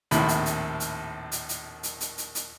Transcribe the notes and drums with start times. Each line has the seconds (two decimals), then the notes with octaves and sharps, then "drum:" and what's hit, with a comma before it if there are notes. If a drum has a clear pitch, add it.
0.11 A#1 D#2 A2 C3 B5, drum: hi-hat
0.28 drum: hi-hat
0.46 drum: hi-hat
0.80 drum: hi-hat
1.32 drum: hi-hat
1.49 drum: hi-hat
1.83 drum: hi-hat
2.00 drum: hi-hat
2.18 drum: hi-hat
2.35 drum: hi-hat